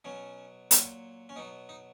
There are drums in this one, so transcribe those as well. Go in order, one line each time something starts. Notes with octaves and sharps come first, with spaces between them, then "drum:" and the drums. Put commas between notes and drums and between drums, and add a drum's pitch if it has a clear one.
B2 F#3 C#4
A#2 F#3, drum: hi-hat
C#4
B2 F#3 D#4
D#4